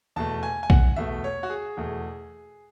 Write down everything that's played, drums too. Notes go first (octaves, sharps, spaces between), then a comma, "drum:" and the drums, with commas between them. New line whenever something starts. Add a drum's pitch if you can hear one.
E2 B2 A3 A5
G#5
G#5
F#5, drum: kick B1
E2 B2 A3 E5
C#5
F#4
G#4
E2 B2 A3